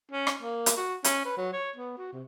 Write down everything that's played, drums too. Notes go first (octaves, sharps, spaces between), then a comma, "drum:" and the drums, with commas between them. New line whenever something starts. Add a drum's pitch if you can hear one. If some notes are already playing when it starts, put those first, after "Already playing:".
C#4
drum: rim click
A#3
drum: hi-hat
F#4
C#4, drum: hi-hat
B4
F#3
C#5
B3
F#4
C3